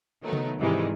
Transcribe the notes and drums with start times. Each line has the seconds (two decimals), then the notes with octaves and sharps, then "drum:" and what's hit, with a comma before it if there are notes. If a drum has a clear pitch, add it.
0.23 D#3 F#3 A3 B3 D#4
0.33 drum: tom C3
0.58 G#2 C3 D#3 E3 G3 G#3